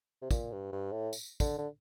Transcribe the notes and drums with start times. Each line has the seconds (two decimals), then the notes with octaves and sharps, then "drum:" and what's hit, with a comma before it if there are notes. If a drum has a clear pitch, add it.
0.22 C3
0.31 A#2, drum: kick, tambourine
0.52 G2
0.72 G2
0.92 A2
1.13 drum: tambourine
1.40 D3, drum: kick, tambourine
1.58 D3